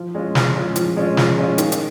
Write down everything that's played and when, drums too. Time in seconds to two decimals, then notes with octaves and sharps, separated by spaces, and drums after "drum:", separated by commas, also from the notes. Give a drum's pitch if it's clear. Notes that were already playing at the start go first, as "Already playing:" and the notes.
Already playing: F3
0.14 G#3 C#4 F4
0.35 F3, drum: snare
0.55 G#3 C#4 F4
0.76 F3, drum: hi-hat
0.97 G#3 C#4 F4
1.17 F3, drum: snare
1.37 G#3 C#4 F4
1.58 D#3, drum: hi-hat
1.72 drum: hi-hat